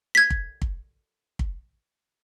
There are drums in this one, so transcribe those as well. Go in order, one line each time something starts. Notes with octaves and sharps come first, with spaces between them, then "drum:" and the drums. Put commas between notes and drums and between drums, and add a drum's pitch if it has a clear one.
G#6 B6
drum: kick
drum: kick
drum: kick